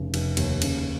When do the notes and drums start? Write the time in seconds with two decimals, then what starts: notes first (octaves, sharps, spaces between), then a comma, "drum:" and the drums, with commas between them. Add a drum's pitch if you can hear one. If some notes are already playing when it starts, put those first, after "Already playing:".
Already playing: F1 C#3
0.14 F1, drum: cymbal
0.37 D#2, drum: cymbal
0.62 C#3, drum: cymbal